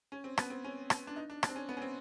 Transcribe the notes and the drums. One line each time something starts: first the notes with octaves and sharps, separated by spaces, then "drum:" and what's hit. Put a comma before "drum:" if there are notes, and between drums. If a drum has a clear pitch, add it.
C#4
C4
B3, drum: rim click
C4
C#4
drum: rim click
D4
D#4
D4
D4, drum: rim click
C4
C#4
B3
C#4
C4